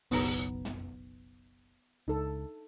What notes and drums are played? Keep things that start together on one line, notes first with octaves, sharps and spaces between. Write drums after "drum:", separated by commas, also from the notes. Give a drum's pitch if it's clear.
F#1 B1 B3 D#4 A#5, drum: open hi-hat
drum: tom
C#2 D#4 A4